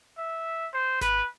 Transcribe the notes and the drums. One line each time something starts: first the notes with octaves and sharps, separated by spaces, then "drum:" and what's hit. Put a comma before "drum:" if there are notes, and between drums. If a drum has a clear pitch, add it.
E5
C5
B4, drum: snare G#1